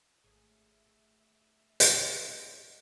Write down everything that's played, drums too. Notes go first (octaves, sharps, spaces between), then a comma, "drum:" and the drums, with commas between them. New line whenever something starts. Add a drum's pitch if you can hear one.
G#1 D2 A3 G#4 C#5 E5
drum: hi-hat